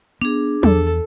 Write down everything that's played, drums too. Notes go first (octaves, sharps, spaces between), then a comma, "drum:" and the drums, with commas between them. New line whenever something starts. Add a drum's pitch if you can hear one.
B3 D4 G#4
E2 A4, drum: tom F3